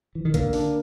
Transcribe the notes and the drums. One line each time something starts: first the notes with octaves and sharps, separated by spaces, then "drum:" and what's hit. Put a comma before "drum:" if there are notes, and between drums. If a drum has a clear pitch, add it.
E3
D#3
D3 A#3, drum: kick, hi-hat
D4, drum: open hi-hat